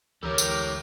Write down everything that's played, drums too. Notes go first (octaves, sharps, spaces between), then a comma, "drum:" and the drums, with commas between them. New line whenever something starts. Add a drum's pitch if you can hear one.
D2 E3 G4 A4 A#4 C#5
drum: tambourine